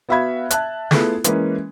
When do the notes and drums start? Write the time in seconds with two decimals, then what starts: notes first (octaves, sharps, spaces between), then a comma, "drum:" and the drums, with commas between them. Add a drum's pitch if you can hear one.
0.09 B3 F#4 E5 F5 B5 G#6
0.50 E5 A5 F#6, drum: hi-hat
0.91 A3 B3 E4 F4 G#4 A4, drum: snare
1.24 E3 G#3 A#3 C#4 B4, drum: hi-hat